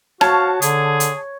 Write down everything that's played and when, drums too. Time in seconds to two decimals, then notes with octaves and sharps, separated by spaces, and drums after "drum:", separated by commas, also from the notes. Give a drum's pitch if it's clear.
0.21 F#4 C#5 F5 A5, drum: rim click
0.62 D3 G#4, drum: hi-hat
1.00 drum: hi-hat